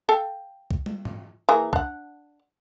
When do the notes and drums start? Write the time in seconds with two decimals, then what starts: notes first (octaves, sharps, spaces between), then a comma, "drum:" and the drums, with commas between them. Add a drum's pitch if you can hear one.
0.09 A4 F5 G5
0.71 drum: kick C2
0.86 drum: tom
1.05 drum: tom
1.49 E3 A#3 G#4
1.73 D4 F#5, drum: kick C2